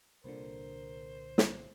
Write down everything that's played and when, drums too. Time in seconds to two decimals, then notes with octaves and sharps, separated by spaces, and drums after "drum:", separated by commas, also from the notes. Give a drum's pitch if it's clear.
0.24 C2 A#2 D3 A#4 C5
1.38 drum: snare